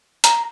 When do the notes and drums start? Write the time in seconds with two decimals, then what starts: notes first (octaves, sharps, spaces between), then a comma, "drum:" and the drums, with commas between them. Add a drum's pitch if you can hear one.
0.24 A#5, drum: hi-hat